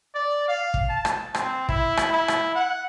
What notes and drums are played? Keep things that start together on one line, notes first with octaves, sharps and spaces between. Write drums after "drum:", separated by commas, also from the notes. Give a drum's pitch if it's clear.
D5
F5
drum: kick
A5
drum: rim click
C4, drum: rim click
E4, drum: kick
drum: rim click
E4
drum: rim click
F#5